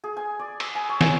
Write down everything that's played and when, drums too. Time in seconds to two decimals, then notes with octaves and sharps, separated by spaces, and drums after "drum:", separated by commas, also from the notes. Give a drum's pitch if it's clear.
0.04 G#4
0.17 G#5
0.39 D5
0.60 E6, drum: cymbal
0.75 G#5
0.89 C#5
1.01 drum: snare